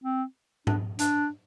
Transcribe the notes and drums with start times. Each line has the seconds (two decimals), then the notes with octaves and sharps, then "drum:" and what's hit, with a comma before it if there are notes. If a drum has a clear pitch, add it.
0.04 C4
0.67 D4, drum: tom G#2
0.99 D4, drum: hi-hat